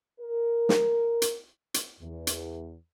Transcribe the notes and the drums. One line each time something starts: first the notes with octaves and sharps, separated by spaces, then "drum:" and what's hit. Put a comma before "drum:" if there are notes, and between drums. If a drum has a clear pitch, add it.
A#4
drum: snare
drum: hi-hat
drum: hi-hat
E2
drum: hi-hat